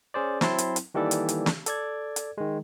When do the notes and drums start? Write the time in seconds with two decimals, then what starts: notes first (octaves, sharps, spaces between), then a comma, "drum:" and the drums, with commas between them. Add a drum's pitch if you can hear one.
0.14 C#4 G#4 C5 D5
0.41 F#3 C4 E4 A5 C6, drum: snare
0.58 drum: hi-hat
0.76 drum: hi-hat
0.94 D#3 E3 G3 A#3 A4 D5
1.11 drum: hi-hat
1.29 drum: hi-hat
1.46 drum: snare
1.66 A4 D5 G#6, drum: hi-hat
2.16 drum: hi-hat
2.38 D#3 G#3